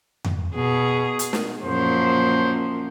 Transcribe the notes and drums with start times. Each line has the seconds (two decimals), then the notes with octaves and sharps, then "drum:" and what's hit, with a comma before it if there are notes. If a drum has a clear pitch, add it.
0.24 drum: tom F2
0.55 B2 G#4
1.19 drum: hi-hat
1.33 drum: snare
1.63 F#2 A#2 F3 C5